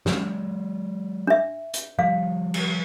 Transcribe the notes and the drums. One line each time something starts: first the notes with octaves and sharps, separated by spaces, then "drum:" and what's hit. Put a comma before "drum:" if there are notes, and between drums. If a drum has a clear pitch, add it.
F#3 G#3, drum: snare
D4 E5
drum: hi-hat
F3 G3 F5
drum: cymbal